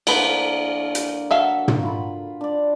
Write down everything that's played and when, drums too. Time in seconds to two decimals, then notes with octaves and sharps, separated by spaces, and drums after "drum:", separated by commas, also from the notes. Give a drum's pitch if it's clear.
0.07 D3 A3 A#3 B4 C5, drum: cymbal
0.95 drum: hi-hat
1.31 F#3 A4 E5 F5
1.68 drum: tom
1.83 F4 B5
2.41 D4 D5